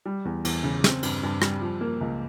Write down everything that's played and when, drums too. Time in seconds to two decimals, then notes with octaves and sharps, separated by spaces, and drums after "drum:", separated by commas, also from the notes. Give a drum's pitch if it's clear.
0.06 G3
0.25 E2
0.45 E2, drum: cymbal
0.64 C#3
0.84 C4, drum: snare
1.03 G2, drum: cymbal
1.23 G2
1.42 G3, drum: rim click
1.61 F3
1.81 A#3
2.01 C#2